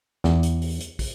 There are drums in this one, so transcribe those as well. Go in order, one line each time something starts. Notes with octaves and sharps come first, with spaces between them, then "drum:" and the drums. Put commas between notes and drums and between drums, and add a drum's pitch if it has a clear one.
E2, drum: snare
drum: hi-hat
drum: open hi-hat
drum: hi-hat
drum: kick, open hi-hat